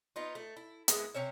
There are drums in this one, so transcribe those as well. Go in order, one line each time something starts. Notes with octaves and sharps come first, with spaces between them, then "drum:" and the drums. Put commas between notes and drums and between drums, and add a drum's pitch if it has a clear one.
B3 D#4 F4
A3
E4
G#3 B3 E4 A#4, drum: hi-hat
C3 C#4 C#5 E5